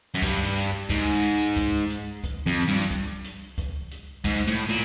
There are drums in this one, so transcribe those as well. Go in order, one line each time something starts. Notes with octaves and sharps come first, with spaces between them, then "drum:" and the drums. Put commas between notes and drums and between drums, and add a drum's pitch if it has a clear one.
F#2
G2, drum: kick C2, hi-hat
drum: hi-hat
G#2, drum: kick C2
drum: hi-hat
drum: kick C2, hi-hat
drum: hi-hat
drum: kick C2, hi-hat
F2
G2
drum: kick C2, hi-hat
drum: hi-hat
drum: kick C2, hi-hat
drum: hi-hat
G#2, drum: kick C2, hi-hat
A2
drum: hi-hat
A#2